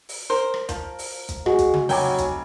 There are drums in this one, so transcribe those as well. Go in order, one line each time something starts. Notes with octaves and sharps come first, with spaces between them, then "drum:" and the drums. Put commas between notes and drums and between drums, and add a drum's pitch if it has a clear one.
drum: open hi-hat
A#4 C5
drum: rim click
F3, drum: kick, hi-hat
drum: open hi-hat
drum: kick, hi-hat
G#3 F#4, drum: rim click
drum: kick, hi-hat
drum: tom C#3
F1 F#3 G5 G#5 D6, drum: open hi-hat
drum: kick, hi-hat